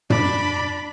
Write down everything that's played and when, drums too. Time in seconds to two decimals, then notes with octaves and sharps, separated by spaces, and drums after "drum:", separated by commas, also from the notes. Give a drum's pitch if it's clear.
0.10 D4 D5 B5, drum: tom